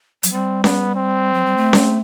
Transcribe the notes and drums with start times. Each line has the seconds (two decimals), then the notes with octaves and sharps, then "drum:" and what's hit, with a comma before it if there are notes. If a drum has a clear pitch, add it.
0.23 F#3, drum: hi-hat
0.32 G3 C4
0.64 B3, drum: snare C#4
0.95 C4
1.34 F#3
1.45 G3
1.57 A3
1.73 drum: snare C#4